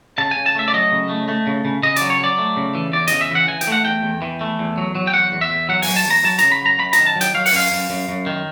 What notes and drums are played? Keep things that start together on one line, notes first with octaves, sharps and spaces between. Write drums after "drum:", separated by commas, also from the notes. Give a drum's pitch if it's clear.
C#3 A5
G#5
C#3
A5
A3 E5
D5
F#3 D#5
C#3
A3
A3
C#3
C#3
C#3 D#5
F#3 D5, drum: hi-hat
C#5
F#3 D5
A3
C#3
E3
E2 D5
C#3 D#5, drum: hi-hat
E5
E3 F#5
E3 G#5
G5, drum: hi-hat
A3 F#5
E2 G5
E2
E3
A3
E2
F#3
F#3
G5
E2 F#5
E2
E5
E2
F#3 F#5
G#5, drum: open hi-hat
F#3
A5
E2 A#5
F#3 A5
C#3 A#5, drum: hi-hat
B5
F#3 A#5
F#2 B5
A#5, drum: hi-hat
D#3
A5
F#3
G5, drum: hi-hat
F#3 F5
F#5, drum: open hi-hat
F#2 F5
F#2
F#2
F#2
D#3